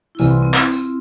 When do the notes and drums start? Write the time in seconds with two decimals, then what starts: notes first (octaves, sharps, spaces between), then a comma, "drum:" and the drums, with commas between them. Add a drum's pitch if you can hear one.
0.15 E4
0.19 C2 C3 E3 F4, drum: tambourine
0.31 C4
0.42 C4
0.54 drum: clap
0.71 drum: tambourine